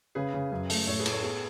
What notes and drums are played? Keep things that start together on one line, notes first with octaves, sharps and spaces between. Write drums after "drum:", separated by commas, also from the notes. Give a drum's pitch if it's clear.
C#3 G#4 B4
C#3
F#2
A3, drum: open hi-hat
A2 A4 C#5
G#4 B4
A2, drum: cymbal
A4 C#5
B3 G#4 B4